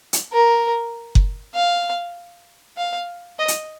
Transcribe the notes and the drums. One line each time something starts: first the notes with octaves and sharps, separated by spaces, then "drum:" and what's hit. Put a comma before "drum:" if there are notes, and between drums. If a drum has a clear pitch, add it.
drum: hi-hat
A#4
drum: kick F#1
F5
F5
D#5
drum: hi-hat